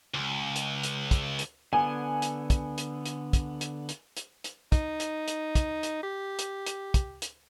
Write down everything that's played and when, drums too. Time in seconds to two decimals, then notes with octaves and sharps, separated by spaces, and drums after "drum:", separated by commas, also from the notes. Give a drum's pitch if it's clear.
0.14 C#2
0.56 drum: hi-hat
0.83 drum: hi-hat
1.11 drum: kick, hi-hat
1.39 drum: hi-hat
1.73 D3 B3 G#5
2.22 drum: hi-hat
2.50 drum: kick, hi-hat
2.78 drum: hi-hat
3.06 drum: hi-hat
3.33 drum: kick, hi-hat
3.61 drum: hi-hat
3.89 drum: hi-hat
4.17 drum: hi-hat
4.44 drum: hi-hat
4.72 D#4, drum: kick, hi-hat
5.00 drum: hi-hat
5.28 drum: hi-hat
5.55 drum: kick, hi-hat
5.83 drum: hi-hat
6.03 G4
6.39 drum: hi-hat
6.66 drum: hi-hat
6.94 drum: kick, hi-hat
7.22 drum: hi-hat